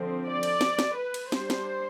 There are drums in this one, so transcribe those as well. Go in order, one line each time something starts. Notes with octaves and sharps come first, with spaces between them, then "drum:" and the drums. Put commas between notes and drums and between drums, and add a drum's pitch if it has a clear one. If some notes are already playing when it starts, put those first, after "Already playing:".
Already playing: D3 F3 C4
D5
drum: cymbal
drum: snare
drum: snare
B4
drum: cymbal
G3 D4 C5, drum: snare
drum: snare